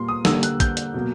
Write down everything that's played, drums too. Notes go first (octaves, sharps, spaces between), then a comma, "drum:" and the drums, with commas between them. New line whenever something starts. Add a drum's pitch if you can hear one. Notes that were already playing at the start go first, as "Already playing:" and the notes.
Already playing: A#2 G3 A#3 C6
D#6
D3 G3 A#3 E6, drum: snare
F#6, drum: hi-hat
G6, drum: kick, hi-hat
drum: hi-hat
B2 F#3 A#3